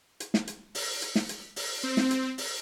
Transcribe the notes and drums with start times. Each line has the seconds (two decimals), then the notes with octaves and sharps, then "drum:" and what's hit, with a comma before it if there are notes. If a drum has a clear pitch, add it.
0.20 drum: hi-hat
0.34 drum: snare
0.47 drum: hi-hat
0.75 drum: open hi-hat
1.02 drum: hi-hat
1.15 drum: snare
1.29 drum: hi-hat
1.56 drum: open hi-hat
1.83 C4
1.97 drum: snare
2.11 drum: hi-hat
2.38 drum: open hi-hat